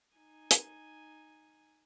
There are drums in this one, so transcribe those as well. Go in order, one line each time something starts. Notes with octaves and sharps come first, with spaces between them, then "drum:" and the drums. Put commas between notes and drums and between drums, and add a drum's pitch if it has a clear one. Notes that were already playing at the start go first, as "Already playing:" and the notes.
D#4 G#5
drum: hi-hat